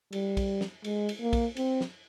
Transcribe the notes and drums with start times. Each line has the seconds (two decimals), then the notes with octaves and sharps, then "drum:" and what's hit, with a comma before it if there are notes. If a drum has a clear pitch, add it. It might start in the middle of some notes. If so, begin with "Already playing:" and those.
0.13 G3, drum: cymbal
0.37 drum: kick, cymbal
0.61 drum: snare
0.84 G#3, drum: cymbal
1.09 drum: cymbal
1.21 A#3
1.33 drum: kick, cymbal
1.57 C4, drum: cymbal
1.81 drum: snare